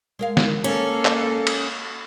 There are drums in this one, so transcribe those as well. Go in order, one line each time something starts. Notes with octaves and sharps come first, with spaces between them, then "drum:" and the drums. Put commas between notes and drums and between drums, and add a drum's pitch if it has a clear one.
G#3 A#4 F5
drum: snare
A#3 C#4 A4
drum: clap
drum: cymbal